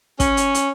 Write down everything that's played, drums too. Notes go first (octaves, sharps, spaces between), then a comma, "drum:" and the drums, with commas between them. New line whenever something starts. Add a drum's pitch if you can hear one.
C#4, drum: kick, hi-hat
drum: hi-hat
drum: hi-hat